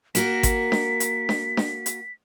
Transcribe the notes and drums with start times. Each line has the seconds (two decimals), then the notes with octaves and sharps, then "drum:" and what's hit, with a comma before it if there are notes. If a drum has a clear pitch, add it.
0.15 A#3 F#4 A#4 B6, drum: hi-hat
0.43 drum: kick G#1, hi-hat
0.72 drum: snare D4
1.00 drum: hi-hat
1.29 drum: snare D4
1.57 drum: snare D4
1.86 drum: hi-hat